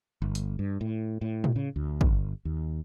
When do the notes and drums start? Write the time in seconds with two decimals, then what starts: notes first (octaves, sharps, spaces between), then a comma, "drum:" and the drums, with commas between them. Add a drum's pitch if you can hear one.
0.22 G1
0.35 drum: hi-hat
0.59 G2
0.81 A2
1.21 A2
1.44 drum: tom
1.56 C#3
1.76 D2
2.01 G1, drum: kick
2.45 D#2